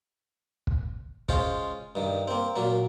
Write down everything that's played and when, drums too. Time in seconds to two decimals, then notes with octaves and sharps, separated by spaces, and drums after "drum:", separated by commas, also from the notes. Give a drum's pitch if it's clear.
0.67 drum: kick
1.29 G#3 C#4 F4 C5 C#5, drum: kick
1.95 G2 D#3
2.28 A#3 C4
2.56 A#2 F#3 A#3